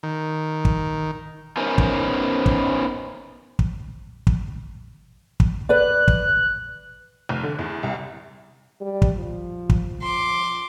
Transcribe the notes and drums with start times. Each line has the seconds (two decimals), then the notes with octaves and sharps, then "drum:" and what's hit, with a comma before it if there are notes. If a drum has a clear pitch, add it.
0.03 D#3
0.65 drum: kick
1.57 B3 C#4 D#4 A#4 C5 G#5
1.78 drum: kick
2.46 drum: kick
3.59 drum: kick
4.27 drum: kick
5.40 drum: kick
5.69 B4 D5 F#6
6.08 drum: kick
7.29 F1
7.43 D3
7.59 E2
7.83 C2
8.81 G3
9.02 drum: kick
9.17 F3
9.70 drum: kick
10.02 F3 C6 D6